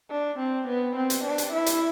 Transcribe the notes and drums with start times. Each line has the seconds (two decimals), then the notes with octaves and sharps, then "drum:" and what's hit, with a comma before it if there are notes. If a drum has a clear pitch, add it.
0.11 D4
0.39 C4
0.67 B3
0.96 C4
1.10 drum: hi-hat
1.24 D4
1.38 drum: hi-hat
1.53 E4
1.66 drum: hi-hat